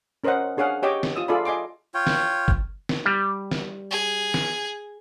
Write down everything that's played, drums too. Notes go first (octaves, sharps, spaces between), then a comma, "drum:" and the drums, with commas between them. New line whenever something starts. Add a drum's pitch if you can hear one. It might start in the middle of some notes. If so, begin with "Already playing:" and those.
C#4 A#4 C5 C#5 D#5 F#5
D4 G#4 C#5 F5 F#5
G4 C#5 D#5 G5 C#6 D6
drum: snare
F4 D#6 E6
F4 G#4 A4 D5 E5 B5
D#5 G#5 C6 D6
F4 C#5 G5
drum: snare
drum: kick
drum: snare
G3
drum: snare
G#4
drum: snare